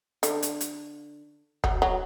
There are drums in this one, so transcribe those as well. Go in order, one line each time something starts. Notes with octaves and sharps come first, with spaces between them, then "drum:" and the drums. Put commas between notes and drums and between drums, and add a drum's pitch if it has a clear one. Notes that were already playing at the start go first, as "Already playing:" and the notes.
D3, drum: hi-hat
drum: hi-hat
drum: hi-hat
F#3, drum: kick
F#3